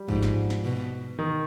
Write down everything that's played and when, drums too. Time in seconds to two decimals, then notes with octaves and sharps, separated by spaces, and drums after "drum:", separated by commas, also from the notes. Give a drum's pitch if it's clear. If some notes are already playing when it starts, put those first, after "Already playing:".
Already playing: G3
0.09 G#2 F3, drum: kick
0.23 drum: snare
0.50 drum: snare
0.64 B2
1.19 D#3